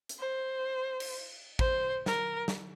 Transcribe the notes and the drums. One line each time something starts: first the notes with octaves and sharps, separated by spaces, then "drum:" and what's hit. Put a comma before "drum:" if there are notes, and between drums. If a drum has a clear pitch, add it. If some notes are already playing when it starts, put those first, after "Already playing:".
drum: hi-hat
C5
drum: cymbal
C5, drum: kick
A#4, drum: snare
drum: snare